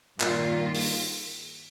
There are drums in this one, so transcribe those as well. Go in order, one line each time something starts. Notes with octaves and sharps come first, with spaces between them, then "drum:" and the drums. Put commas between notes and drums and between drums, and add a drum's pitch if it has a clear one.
G2 A#2 D#3 A#3 F4, drum: clap
drum: open hi-hat